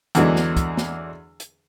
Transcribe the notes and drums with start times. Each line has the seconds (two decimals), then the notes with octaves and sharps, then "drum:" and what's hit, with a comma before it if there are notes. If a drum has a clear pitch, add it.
0.15 E2 D3 E3 F#3 G#3 D4, drum: hi-hat
0.36 drum: snare
0.57 drum: kick, hi-hat
0.77 drum: snare
1.40 drum: hi-hat